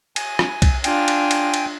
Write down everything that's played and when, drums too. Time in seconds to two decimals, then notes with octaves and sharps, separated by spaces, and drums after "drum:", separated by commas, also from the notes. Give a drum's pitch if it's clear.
0.16 G#5, drum: cymbal
0.39 drum: rim click
0.62 drum: kick, cymbal
0.84 D4 F4 G5 G#5, drum: cymbal
1.08 drum: cymbal
1.31 drum: cymbal
1.54 drum: cymbal